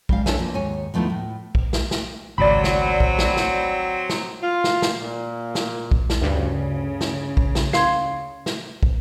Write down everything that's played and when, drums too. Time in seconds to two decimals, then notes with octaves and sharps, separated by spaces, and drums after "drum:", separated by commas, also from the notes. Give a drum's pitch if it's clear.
0.09 G3 G#3 F5, drum: kick
0.26 D4 A4 C#5 E5 F5 G#5, drum: snare
0.38 B2 F3 A#3
0.54 D#2 G#2 C#5 G#5
0.94 D#2 F3 A3 B3 D#4 E4
1.10 A2
1.55 drum: kick
1.73 drum: snare
1.91 drum: snare
2.38 G#1 C#2 F#3 C4 D5 B5
2.64 drum: snare
3.00 drum: kick
3.19 drum: snare
3.37 drum: snare
4.10 drum: snare
4.42 F4
4.64 drum: snare
4.82 drum: snare
4.97 A#2
5.55 drum: snare
5.91 drum: kick
6.10 drum: snare
6.21 D2 G2 C#3
7.01 drum: snare
7.37 drum: kick
7.55 drum: snare
7.73 F5 C6 G#6, drum: snare
8.46 drum: snare
8.83 drum: kick